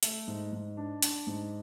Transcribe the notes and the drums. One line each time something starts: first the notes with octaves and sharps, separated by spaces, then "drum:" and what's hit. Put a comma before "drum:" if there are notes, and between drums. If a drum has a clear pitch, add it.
A3, drum: hi-hat
G#2
G#2
D4
D4, drum: hi-hat
G#2